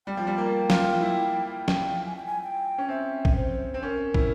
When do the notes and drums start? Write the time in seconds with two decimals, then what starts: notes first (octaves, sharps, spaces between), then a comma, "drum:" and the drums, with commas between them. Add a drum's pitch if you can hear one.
0.07 G3 G5
0.17 F3
0.27 G3
0.38 A#3
0.70 F4, drum: snare
1.01 E4
1.68 drum: snare
2.06 G#5
2.16 G5
2.26 G#5
2.42 G5
2.78 C#4
2.88 C4 E5
3.25 drum: kick
3.36 C5
3.74 C4
3.83 C#4 A#4
4.15 E4, drum: kick